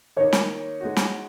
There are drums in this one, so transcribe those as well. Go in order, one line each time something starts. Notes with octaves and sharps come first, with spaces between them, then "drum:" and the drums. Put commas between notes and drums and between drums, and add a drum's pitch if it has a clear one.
D#3 A#3 D#4 C#5
drum: snare
G#3 D#4 F#4
drum: snare